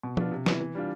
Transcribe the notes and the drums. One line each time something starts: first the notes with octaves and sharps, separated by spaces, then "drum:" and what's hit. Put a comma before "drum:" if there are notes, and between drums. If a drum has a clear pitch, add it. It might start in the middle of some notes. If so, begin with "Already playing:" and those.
B2
B3 D4 F4, drum: tom F3
C3
E3 B3, drum: snare
E3
G3 D4 F4